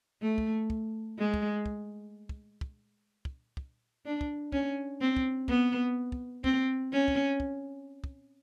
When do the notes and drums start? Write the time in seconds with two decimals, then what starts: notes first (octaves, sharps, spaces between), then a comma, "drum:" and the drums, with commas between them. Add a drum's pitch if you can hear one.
0.22 A3
0.38 drum: kick
0.70 drum: kick
1.18 G#3
1.34 drum: kick
1.66 drum: kick
2.29 drum: kick
2.61 drum: kick
3.25 drum: kick
3.57 drum: kick
4.05 D4
4.21 drum: kick
4.52 C#4, drum: kick
5.01 C4
5.17 drum: kick
5.48 B3, drum: kick
6.12 drum: kick
6.44 C4, drum: kick
6.92 C#4
7.08 drum: kick
7.40 drum: kick
8.04 drum: kick